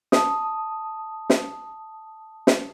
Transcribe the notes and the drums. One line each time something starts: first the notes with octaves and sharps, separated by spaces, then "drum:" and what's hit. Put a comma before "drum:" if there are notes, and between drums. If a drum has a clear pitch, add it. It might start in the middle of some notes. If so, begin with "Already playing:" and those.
A5 D#6, drum: snare
drum: snare
drum: snare